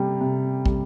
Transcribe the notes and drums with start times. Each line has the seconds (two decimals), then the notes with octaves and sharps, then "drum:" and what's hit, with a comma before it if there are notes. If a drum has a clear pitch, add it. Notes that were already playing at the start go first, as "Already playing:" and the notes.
Already playing: C3 G3
0.21 C3
0.66 G3, drum: kick